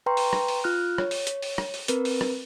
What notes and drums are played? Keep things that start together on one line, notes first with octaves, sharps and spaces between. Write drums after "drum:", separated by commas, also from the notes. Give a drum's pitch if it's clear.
B4 G5 A#5 C6 C#6
drum: open hi-hat
drum: rim click
drum: open hi-hat
F4 F6 F#6
C#5, drum: rim click
drum: open hi-hat
drum: hi-hat
drum: open hi-hat
drum: rim click
drum: open hi-hat
C4 A#4 B4, drum: hi-hat
drum: open hi-hat
drum: rim click